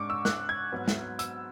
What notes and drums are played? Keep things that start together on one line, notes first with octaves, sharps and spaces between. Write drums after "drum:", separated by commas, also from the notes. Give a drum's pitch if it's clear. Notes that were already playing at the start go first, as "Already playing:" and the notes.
Already playing: G#2 G#3 D4 C#6 D6
E6
F#6, drum: snare
G#6
G#2 F#3 B3
drum: snare
E6, drum: hi-hat